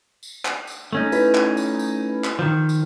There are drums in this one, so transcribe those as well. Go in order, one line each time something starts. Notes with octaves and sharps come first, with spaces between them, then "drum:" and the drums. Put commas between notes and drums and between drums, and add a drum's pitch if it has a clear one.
drum: tambourine
drum: clap
drum: tambourine
A3 C#4 D#4
E4 B4 B5, drum: tambourine
drum: clap
drum: tambourine
drum: tambourine
drum: clap
D#3 F3
drum: tambourine